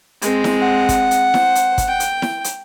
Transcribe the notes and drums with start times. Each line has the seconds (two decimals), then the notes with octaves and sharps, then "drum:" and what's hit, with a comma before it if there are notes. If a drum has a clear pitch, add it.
0.22 G#3 C4, drum: hi-hat
0.44 drum: snare E4
0.62 F#5
0.89 drum: kick, hi-hat
1.11 drum: hi-hat
1.34 C5, drum: snare E4
1.55 drum: hi-hat
1.78 drum: kick, hi-hat
1.88 G5
2.00 drum: hi-hat
2.22 drum: snare E4
2.44 drum: hi-hat